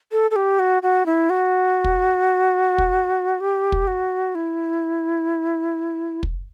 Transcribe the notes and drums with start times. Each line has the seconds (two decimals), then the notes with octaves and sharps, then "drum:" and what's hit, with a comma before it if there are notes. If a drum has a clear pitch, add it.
0.12 A4
0.31 A4
0.36 G4
0.59 F#4
0.83 F#4
1.06 E4
1.30 F#4
1.84 drum: kick
2.78 drum: kick
3.40 G4
3.72 drum: kick
3.87 F#4
4.35 E4
6.23 drum: kick